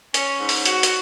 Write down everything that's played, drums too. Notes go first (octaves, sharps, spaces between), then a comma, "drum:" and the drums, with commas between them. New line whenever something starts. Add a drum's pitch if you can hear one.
C#4, drum: hi-hat
G#2
drum: open hi-hat
F#4, drum: hi-hat
drum: hi-hat